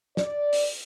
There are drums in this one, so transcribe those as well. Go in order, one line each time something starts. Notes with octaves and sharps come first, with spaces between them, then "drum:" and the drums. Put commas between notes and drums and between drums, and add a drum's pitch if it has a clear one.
D5, drum: snare
drum: open hi-hat